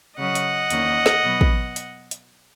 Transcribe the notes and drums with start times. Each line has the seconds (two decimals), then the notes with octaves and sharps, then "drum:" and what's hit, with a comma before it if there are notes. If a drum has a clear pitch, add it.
0.18 C#3 F#3 C#4 D#5 F#5
0.35 drum: hi-hat
0.70 E2 D#3 A#3 C#4, drum: hi-hat
1.06 drum: snare
1.23 B2 F#3 B3
1.41 drum: kick
1.76 drum: hi-hat
2.11 drum: hi-hat